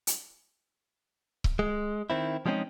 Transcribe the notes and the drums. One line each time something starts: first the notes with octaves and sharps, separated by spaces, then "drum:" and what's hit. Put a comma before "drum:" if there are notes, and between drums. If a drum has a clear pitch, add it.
drum: hi-hat
drum: kick C#1
G#3
D#3 C4 E4
F3 G3 G#3 C4 C#4 D#4